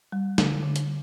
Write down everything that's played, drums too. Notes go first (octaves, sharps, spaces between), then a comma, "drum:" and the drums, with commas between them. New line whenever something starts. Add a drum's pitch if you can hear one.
G3
D3, drum: snare
D3
drum: hi-hat